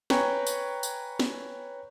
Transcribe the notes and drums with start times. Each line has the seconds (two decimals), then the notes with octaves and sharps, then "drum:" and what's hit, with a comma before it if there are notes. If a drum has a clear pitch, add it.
0.10 B4 C#5 G5 G#5 A#5 C#6, drum: snare
0.47 drum: tambourine
0.83 drum: tambourine
1.20 drum: snare